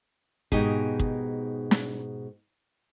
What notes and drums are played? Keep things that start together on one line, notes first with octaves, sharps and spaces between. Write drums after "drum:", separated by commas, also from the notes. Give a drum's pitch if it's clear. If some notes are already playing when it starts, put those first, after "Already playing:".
G#2 B2 D#4 G4 G#4, drum: kick
drum: kick
drum: snare